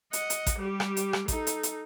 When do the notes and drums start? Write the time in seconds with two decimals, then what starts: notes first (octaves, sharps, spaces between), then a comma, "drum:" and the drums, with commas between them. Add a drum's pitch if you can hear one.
0.13 D#5 F#5, drum: hi-hat
0.30 drum: hi-hat
0.46 drum: kick A1, hi-hat
0.58 G3 G4
0.80 drum: rim click
0.97 drum: hi-hat
1.13 drum: rim click
1.28 D#4 A4, drum: kick A1, hi-hat
1.47 drum: hi-hat
1.63 drum: hi-hat